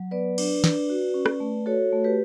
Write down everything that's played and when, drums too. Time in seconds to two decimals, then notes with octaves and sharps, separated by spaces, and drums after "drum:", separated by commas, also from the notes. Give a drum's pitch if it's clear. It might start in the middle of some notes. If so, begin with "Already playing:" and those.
Already playing: F#3
0.11 B3 B4 D5
0.38 D4, drum: cymbal
0.64 D4, drum: snare
0.90 F#4
1.14 C#4
1.26 drum: rim click
1.40 A3
1.66 F#4 A4 C#5
1.93 A3
2.04 G4 B4